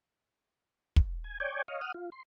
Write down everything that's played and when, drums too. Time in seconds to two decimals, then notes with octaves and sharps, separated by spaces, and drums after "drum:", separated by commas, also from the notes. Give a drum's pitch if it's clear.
0.96 drum: kick
1.24 G#5
1.40 C#5 D5 G5 G#5
1.68 C#5 D#5 F5
1.81 F#5 D#6 F6
1.94 F4
2.12 C6